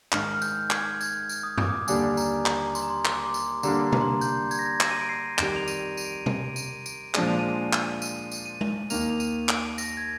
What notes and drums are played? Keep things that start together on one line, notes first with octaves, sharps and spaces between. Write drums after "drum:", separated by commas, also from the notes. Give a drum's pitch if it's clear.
G#2 D#3 G#3 D#4 F6, drum: clap
F6
G6, drum: tambourine
G#6, drum: clap
G#6, drum: tambourine
drum: tambourine
D#6
D6, drum: tom F#2
D#6
D#2 D3 G3 A#3 D4 G#5, drum: tambourine
A#5, drum: tambourine
A#5, drum: clap
C6, drum: tambourine
A#5
C6
drum: clap
D6
C6
drum: tambourine
D3 G3 A#3 D4 A#5, drum: tambourine
A#5, drum: tom B2
C6
A#5
G6, drum: tambourine
G#6, drum: tambourine
A#6
G#6
A#6, drum: clap
D#7
D7
C7
F2 D#3 G3 D7, drum: clap
F7
D#7, drum: tambourine
D#7, drum: tambourine
D7
D#7
D#7, drum: tom B2
D7
D#7, drum: tambourine
D7, drum: tambourine
A#2 F3 G#3 D4 G#4 D#7, drum: clap
F7
D#7
D#7
drum: clap
D#7, drum: tambourine
drum: tambourine
D#7
drum: tom G#3
D#2 D#3 A#3 F7, drum: tambourine
F7
D#7, drum: tambourine
D7, drum: clap
A#6, drum: tambourine
G#6